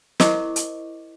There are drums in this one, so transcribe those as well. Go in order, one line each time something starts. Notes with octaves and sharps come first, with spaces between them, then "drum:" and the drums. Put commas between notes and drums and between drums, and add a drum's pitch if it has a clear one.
E4 A#4 C5 D#5 C#6 D6, drum: snare
drum: hi-hat